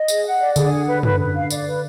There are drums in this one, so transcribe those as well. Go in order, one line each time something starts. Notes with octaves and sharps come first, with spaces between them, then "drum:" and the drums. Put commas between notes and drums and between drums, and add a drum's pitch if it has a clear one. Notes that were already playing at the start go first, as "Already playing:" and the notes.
Already playing: D#5
G#4, drum: tambourine
F#5
D5
D3 G#4, drum: tambourine
F#5
B4
B4, drum: tom
B4
F5
D5, drum: tambourine
B4